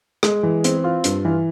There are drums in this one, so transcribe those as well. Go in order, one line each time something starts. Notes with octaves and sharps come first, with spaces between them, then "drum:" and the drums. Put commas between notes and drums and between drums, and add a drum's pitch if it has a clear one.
G#3, drum: rim click
E3
C4, drum: hi-hat
F4
G2, drum: hi-hat
E3